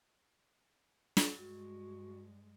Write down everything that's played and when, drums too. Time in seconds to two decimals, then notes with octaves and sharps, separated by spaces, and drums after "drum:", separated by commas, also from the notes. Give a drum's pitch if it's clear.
1.17 drum: snare
1.37 G2 G#3 F#4